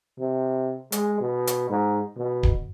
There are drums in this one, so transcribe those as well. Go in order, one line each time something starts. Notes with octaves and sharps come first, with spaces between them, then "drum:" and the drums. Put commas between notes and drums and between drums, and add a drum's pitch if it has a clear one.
C3
G#3, drum: hi-hat
B2
drum: hi-hat
G#2
B2
drum: kick D1